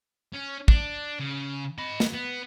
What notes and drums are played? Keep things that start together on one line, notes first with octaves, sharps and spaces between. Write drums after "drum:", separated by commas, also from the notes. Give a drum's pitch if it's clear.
C#4
D4, drum: kick
C#3
D#5 B5
drum: snare
B3